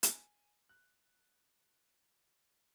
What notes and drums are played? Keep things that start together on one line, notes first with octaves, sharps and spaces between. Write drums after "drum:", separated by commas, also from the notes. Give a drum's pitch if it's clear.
G#5, drum: hi-hat
F#6